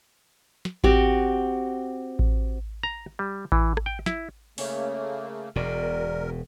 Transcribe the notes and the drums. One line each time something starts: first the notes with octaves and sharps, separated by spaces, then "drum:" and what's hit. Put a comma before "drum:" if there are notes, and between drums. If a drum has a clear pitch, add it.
drum: snare
C4 F#4 G4, drum: kick A1
drum: kick A1
A#5
G3
E3, drum: kick A1
drum: rim click
G5
E4, drum: snare
C#3 A3 A#3 C#4 C#5 E5, drum: open hi-hat
E1 G#2 B2 A#4 D5